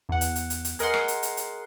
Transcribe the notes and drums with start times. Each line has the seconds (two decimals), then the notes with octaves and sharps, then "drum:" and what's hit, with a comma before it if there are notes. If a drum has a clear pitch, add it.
0.09 E2 F#5
0.21 drum: hi-hat
0.36 drum: hi-hat
0.50 drum: hi-hat
0.65 drum: hi-hat
0.79 G#4 A#4 D#5 F#5 C6, drum: hi-hat
0.94 drum: rim click
1.08 drum: hi-hat
1.23 drum: hi-hat
1.37 drum: hi-hat